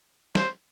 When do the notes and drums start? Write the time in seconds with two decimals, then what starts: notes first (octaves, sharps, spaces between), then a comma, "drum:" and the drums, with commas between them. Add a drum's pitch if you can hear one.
0.35 C5, drum: snare